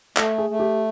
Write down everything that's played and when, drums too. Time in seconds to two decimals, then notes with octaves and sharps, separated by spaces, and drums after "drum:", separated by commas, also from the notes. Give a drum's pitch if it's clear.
0.17 A3 A4, drum: clap
0.38 G#4
0.50 A3
0.60 G4